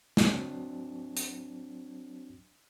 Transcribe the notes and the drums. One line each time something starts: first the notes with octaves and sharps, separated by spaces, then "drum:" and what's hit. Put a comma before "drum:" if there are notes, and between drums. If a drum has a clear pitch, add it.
F#3 C4 D4 F#4, drum: snare
drum: hi-hat